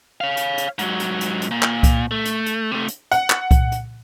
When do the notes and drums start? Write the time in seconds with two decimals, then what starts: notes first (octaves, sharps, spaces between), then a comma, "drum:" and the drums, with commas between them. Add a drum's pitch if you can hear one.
0.21 C#5 F5
0.37 drum: hi-hat
0.58 drum: hi-hat
0.79 G#2 F#3, drum: hi-hat
1.00 drum: hi-hat
1.20 drum: hi-hat
1.41 drum: hi-hat
1.51 A#2
1.62 drum: clap
1.83 drum: kick C2, hi-hat
2.11 A3
2.25 drum: hi-hat
2.46 drum: hi-hat
2.72 C3 A3
2.88 drum: hi-hat
3.11 F#5, drum: hi-hat
3.30 drum: clap
3.51 drum: kick C2, hi-hat
3.72 drum: hi-hat